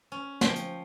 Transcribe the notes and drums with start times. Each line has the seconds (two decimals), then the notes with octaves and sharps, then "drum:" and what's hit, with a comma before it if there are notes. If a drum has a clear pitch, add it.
0.12 C#4
0.41 F3 G5, drum: snare
0.55 drum: hi-hat